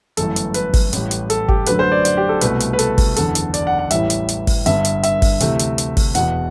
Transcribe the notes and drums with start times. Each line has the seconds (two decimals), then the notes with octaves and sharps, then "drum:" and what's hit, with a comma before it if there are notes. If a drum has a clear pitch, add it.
0.17 G1 F#2 E3 A3 A4, drum: hi-hat
0.36 drum: hi-hat
0.54 B4, drum: hi-hat
0.74 drum: kick G#1, open hi-hat
0.93 A1 A2 G3, drum: hi-hat
1.11 drum: hi-hat
1.30 A4, drum: hi-hat
1.48 G4, drum: kick G#1
1.66 F#2 D3 F#3 A3 B4, drum: hi-hat
1.79 C5
1.92 D5
2.05 D5, drum: hi-hat
2.17 G4
2.29 A4
2.41 C2 B2 A3 B4, drum: hi-hat
2.60 drum: hi-hat
2.73 B4
2.79 A4, drum: hi-hat
2.98 drum: kick G#1, open hi-hat
3.16 F#1 E2 D3 A4, drum: hi-hat
3.35 drum: hi-hat
3.54 D5, drum: hi-hat
3.67 F#5
3.79 F#5
3.91 A1 A2 E3 G3 E5, drum: hi-hat
4.10 drum: hi-hat
4.29 drum: hi-hat
4.47 drum: kick G#1, open hi-hat
4.66 G1 G2 D3 E5, drum: hi-hat
4.85 drum: hi-hat
5.03 E5, drum: hi-hat
5.22 drum: kick G#1, open hi-hat
5.40 D2 C3 E3 A3, drum: hi-hat
5.59 drum: hi-hat
5.78 drum: hi-hat
5.97 drum: kick G#1, open hi-hat
6.15 E1 E2 B2 F#5, drum: hi-hat